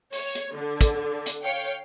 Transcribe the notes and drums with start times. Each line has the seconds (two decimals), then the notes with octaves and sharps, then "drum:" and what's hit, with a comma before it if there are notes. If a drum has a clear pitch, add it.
0.13 C#5, drum: open hi-hat
0.35 drum: hi-hat
0.55 D3
0.81 drum: kick, hi-hat
1.26 drum: hi-hat
1.44 C#5 F5 G5 C#7